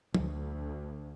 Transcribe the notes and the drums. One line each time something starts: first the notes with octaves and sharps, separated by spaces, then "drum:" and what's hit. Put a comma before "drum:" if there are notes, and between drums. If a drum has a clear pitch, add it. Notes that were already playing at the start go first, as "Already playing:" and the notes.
D2, drum: tom